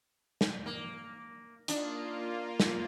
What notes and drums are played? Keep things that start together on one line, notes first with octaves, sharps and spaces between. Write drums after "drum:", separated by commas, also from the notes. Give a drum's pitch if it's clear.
drum: snare
A#3
A#3 D4 D#4 F4, drum: hi-hat
drum: snare